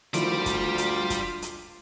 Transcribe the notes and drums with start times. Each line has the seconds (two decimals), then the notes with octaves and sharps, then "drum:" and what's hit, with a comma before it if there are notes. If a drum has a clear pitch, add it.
0.14 D2 D#3 F3 G3 E4 F4 D5, drum: hi-hat
0.46 drum: kick, hi-hat
0.78 drum: hi-hat
1.10 drum: kick, hi-hat
1.42 drum: hi-hat